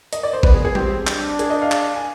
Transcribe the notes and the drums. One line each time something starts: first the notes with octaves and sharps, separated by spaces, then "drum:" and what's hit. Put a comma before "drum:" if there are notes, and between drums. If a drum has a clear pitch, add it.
D#5, drum: hi-hat
D5
C5
B3 B4, drum: kick A1
G#4
G#4
C4 G4, drum: tom G3
D4, drum: clap
G#4, drum: hi-hat
D#5
F5
drum: clap
G#5